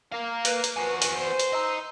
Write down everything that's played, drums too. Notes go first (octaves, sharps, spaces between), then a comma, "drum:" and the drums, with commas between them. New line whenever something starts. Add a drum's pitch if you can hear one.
A#3 A#4 F5
B4, drum: hi-hat
drum: hi-hat
F3 B3 F#4 G#5
drum: hi-hat
C5
drum: hi-hat
D#5 A#5 E6